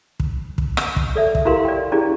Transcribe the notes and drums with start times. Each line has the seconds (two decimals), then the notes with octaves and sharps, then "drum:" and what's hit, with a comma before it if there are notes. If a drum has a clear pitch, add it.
0.20 drum: kick
0.58 drum: kick
0.77 drum: rim click
0.96 drum: kick
1.16 A4 D5 E5
1.35 drum: kick
1.45 E4 F#4 G4 A#4 F5 C6
1.65 D5 G5
1.92 C#4 E4 G4 G#4 D5